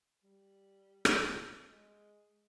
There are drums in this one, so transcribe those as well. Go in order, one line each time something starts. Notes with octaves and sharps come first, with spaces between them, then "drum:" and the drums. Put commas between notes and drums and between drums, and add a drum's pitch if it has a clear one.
G3
drum: rim click
G#3